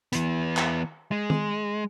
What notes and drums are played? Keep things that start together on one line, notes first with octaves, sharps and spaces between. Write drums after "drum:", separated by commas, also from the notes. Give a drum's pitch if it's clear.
E3 B3, drum: hi-hat
drum: clap
G#3
drum: tom D#3